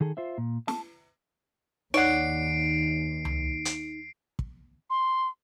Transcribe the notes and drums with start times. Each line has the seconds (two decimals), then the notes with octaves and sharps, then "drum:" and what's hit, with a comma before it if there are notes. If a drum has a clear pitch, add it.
0.01 D#3 G#4 A4
0.17 F4 C5 E5
0.38 A#2
0.68 A5, drum: snare
1.94 D#2 D#4 C#5 D5 F#5 C7 D7
3.25 drum: tom C#2
3.65 drum: hi-hat
4.39 drum: kick
4.90 C6